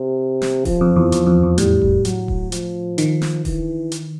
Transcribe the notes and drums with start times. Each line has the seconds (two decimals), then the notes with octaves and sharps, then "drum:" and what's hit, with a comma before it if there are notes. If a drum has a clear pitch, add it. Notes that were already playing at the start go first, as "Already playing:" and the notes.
Already playing: C3
0.42 drum: snare
0.65 F3, drum: kick D#1, open hi-hat
0.81 F2
0.96 E2
1.12 E2, drum: hi-hat
1.27 F2
1.43 E2
1.58 A2 G3, drum: hi-hat
1.82 drum: kick D#1
2.05 F#3, drum: hi-hat
2.28 drum: kick D#1
2.52 F3, drum: hi-hat
2.98 D#3, drum: hi-hat
3.22 drum: snare
3.45 E3, drum: kick D#1, open hi-hat
3.92 drum: hi-hat